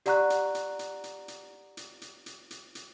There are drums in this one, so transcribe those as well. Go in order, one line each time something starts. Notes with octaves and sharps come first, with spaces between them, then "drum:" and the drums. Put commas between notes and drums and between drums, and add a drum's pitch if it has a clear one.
G4 D5 F#5 A#5 C#6 F#6, drum: hi-hat
drum: hi-hat
drum: hi-hat
drum: hi-hat
drum: hi-hat
drum: hi-hat
drum: hi-hat
drum: hi-hat
drum: hi-hat
drum: hi-hat
drum: hi-hat